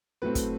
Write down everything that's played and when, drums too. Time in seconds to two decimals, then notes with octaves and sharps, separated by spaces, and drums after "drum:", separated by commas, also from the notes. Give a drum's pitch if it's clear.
0.22 A2 F#3 A3 C4 B4
0.35 drum: kick, hi-hat